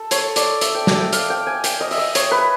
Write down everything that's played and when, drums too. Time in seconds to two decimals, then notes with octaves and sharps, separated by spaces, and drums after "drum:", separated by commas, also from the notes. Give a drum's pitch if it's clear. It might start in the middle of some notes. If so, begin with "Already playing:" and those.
Already playing: A4
0.11 C#5, drum: hi-hat
0.36 D5, drum: hi-hat
0.61 E5, drum: hi-hat
0.75 G5
0.87 drum: snare
1.00 G5
1.13 F5, drum: hi-hat
1.30 G5
1.47 G#5
1.64 G5, drum: hi-hat
1.81 D#5
1.91 E5, drum: open hi-hat
1.98 D#5
2.15 C#5, drum: hi-hat
2.31 B4